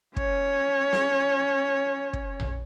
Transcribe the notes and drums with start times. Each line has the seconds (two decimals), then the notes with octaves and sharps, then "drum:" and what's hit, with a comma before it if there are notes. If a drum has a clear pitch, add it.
0.16 C#4 C#5, drum: kick
0.93 drum: snare
2.13 drum: kick
2.40 drum: tom A#1